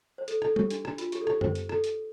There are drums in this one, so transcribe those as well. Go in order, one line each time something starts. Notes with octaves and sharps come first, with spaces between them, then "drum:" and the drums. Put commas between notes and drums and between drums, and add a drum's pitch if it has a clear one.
C5
A4, drum: hi-hat
A4, drum: rim click
G4, drum: tom G3
D4, drum: hi-hat
D4, drum: rim click
F4, drum: hi-hat
G4, drum: hi-hat
A4
G4, drum: rim click
C5, drum: tom F#2
drum: hi-hat
A4, drum: rim click
drum: hi-hat